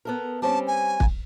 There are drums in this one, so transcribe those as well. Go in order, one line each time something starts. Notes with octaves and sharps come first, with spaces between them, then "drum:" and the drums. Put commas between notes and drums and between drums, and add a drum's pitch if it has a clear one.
B3 A4 A#4
G3 C4 C#4 A5
G#5
drum: kick